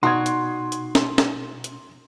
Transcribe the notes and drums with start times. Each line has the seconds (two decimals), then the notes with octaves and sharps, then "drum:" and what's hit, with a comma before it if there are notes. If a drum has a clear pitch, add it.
0.03 B2 D#4 F#4 D5 A#5 C6 D#6 G#6
0.26 drum: hi-hat
0.72 drum: hi-hat
0.95 drum: snare
1.18 drum: snare
1.64 drum: hi-hat